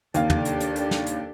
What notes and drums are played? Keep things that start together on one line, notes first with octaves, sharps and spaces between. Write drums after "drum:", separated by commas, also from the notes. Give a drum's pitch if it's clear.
D#2 D4 G4 A4 F5, drum: hi-hat
drum: tom
drum: hi-hat
drum: hi-hat
drum: hi-hat
drum: snare
drum: hi-hat